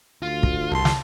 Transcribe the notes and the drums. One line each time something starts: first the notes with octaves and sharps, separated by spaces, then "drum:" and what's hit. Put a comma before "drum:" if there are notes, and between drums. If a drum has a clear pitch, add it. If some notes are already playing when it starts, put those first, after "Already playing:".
D2 F4
drum: kick
C2 A5 C6
drum: snare